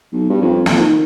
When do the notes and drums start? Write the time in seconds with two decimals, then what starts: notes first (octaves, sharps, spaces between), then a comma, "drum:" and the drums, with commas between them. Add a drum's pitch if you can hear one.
0.12 B1
0.29 G2
0.42 F2
0.66 F2, drum: snare
0.78 D#3